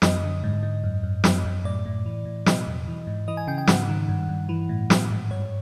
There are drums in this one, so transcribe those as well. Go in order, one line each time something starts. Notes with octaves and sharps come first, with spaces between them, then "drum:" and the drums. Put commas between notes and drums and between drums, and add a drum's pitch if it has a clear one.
F#2 D#5, drum: snare
D3
G#2
G#2
F#2
F#2
F#2, drum: snare
F#2
A2 D5
A2
E3
A2
B2 D#5, drum: snare
E2
E3
G#2
E3 D#5
G#5
C#3 G5
G5
G#2 F#5, drum: snare
D#3
G2
G2
E3
A2
D#3, drum: snare
G#2
G2 C#5